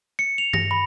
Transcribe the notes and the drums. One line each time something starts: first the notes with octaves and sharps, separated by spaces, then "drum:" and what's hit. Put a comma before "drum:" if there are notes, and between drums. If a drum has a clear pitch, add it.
C#7
F7
A#6, drum: tom G2
B5